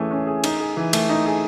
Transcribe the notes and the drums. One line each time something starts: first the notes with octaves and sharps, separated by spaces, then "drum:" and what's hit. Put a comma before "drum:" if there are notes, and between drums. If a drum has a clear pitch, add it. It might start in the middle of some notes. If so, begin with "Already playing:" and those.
Already playing: E3 A3 C#4 G#4
C#4
G#4
D#4, drum: cymbal
G#4
E3
A3, drum: cymbal
D#4
G#4